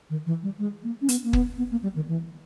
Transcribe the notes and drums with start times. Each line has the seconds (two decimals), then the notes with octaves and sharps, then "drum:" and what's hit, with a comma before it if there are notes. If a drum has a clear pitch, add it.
0.10 D#3
0.26 E3
0.43 G3
0.59 G#3
0.83 A#3
1.01 C#4
1.09 B3, drum: hi-hat
1.24 A#3
1.33 B3, drum: kick
1.58 B3
1.71 A#3
1.83 G3
1.95 D#3
2.08 E3